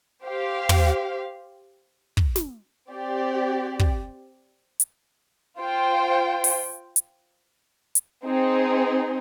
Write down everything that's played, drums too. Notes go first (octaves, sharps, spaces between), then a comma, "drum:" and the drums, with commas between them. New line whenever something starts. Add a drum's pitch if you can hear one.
G4 C5 F5
drum: tom
drum: kick
drum: snare
C4 G4 D5
drum: kick
drum: hi-hat
F4 C5 G5
drum: open hi-hat
drum: hi-hat
drum: hi-hat
C4 D#4 G#4